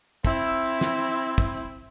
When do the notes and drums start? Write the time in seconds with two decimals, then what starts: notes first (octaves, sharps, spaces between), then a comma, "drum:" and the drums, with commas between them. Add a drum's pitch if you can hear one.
0.25 C4 E4, drum: kick
0.81 drum: snare
1.38 drum: kick